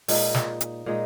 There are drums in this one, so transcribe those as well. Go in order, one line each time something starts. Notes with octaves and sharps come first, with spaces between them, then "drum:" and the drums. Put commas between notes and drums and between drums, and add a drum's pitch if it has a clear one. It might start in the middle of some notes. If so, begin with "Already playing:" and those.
A#2 G#3 D#4, drum: open hi-hat
drum: snare
drum: hi-hat
A#2 G#3 D#4